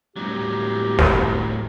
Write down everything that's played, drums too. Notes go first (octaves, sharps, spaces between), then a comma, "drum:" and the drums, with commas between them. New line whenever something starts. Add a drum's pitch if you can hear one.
E1 A2 F#3 G3 G4 A#5
drum: snare